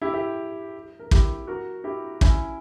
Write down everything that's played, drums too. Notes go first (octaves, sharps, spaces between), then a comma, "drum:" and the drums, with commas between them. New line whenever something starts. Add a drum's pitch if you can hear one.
E4 G4
E4 G4
A#4
E4 G4, drum: kick
F#4 A#4
E4 G4
C#4 E4, drum: kick